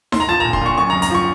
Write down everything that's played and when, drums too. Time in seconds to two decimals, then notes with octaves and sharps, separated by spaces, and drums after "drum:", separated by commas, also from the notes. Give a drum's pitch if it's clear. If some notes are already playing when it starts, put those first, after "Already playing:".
0.12 C6, drum: snare D#4
0.20 A#5
0.29 F3 A5
0.40 A#2 A#5
0.53 C6, drum: kick
0.61 A#2 C#6
0.77 F#2 C#6
0.90 A#5
0.93 F#2
1.02 A#5, drum: hi-hat
1.10 F3 C#6